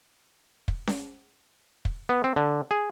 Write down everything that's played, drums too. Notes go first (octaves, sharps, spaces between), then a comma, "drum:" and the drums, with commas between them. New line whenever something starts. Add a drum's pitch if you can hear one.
drum: kick
drum: snare C#4
drum: kick
B3
C4
D3
G#4